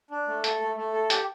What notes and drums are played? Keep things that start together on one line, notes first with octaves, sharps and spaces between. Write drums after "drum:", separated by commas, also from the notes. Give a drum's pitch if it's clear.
D4
A3
A4, drum: hi-hat
A3
A3
A4
G4, drum: hi-hat